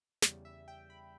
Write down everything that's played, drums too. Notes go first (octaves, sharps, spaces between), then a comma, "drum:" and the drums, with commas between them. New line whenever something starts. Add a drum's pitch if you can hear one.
E2 C#3 G3, drum: snare
E5
G5
B5